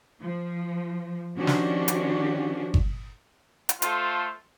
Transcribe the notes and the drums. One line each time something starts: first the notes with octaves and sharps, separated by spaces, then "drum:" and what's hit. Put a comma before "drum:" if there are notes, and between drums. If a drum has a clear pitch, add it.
F3
D#3 F3 C#4 D4 F#4 G4
drum: snare
drum: hi-hat
drum: kick G1
drum: hi-hat
A3 F4 A4 C5, drum: hi-hat